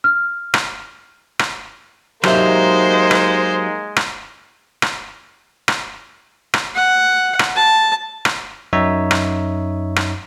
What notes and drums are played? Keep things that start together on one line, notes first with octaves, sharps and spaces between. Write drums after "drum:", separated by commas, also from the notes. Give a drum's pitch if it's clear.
F6
drum: rim click
drum: rim click
F#3 G#3 A#3 D#4 G4 C5 E5, drum: rim click
drum: rim click
drum: rim click
drum: rim click
drum: rim click
drum: rim click
F#5
drum: rim click
A5
drum: rim click
F#2 D#4 C#5 E5
drum: rim click
drum: rim click